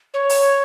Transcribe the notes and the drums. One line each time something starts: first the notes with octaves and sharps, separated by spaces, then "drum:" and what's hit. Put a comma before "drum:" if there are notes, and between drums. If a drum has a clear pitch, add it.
C#5
drum: open hi-hat